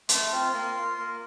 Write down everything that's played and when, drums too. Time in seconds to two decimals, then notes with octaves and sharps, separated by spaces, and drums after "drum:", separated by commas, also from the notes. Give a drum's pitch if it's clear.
0.09 A3 C6, drum: hi-hat
0.31 C4 F4
0.53 A#3
0.76 F4
0.99 A#3